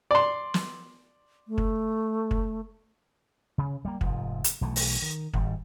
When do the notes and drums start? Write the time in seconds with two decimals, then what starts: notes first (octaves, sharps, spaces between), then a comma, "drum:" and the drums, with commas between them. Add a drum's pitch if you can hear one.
0.11 D5 C6
0.54 drum: snare
1.48 A3
1.58 drum: kick
2.31 drum: kick
3.58 C#3
3.85 G3 A#3
4.01 F1 G#2 F3, drum: kick
4.44 drum: hi-hat
4.61 B1 E3 F#3 A3
4.76 drum: open hi-hat
5.02 D#3
5.34 G#1 G#2 C#3 G3, drum: kick